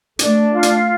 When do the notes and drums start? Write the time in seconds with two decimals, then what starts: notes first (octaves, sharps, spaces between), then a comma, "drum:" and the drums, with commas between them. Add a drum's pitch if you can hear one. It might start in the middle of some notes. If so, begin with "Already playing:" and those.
0.19 A3 D4, drum: hi-hat
0.52 F4
0.63 drum: hi-hat